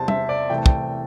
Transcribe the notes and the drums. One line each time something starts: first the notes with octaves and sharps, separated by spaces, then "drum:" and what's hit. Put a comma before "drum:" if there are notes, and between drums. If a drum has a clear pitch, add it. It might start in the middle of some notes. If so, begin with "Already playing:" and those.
Already playing: E2 C3 G3 A5 C6
E5, drum: tom
D5
C2 C3 E3 A3 G5
A5
G5, drum: kick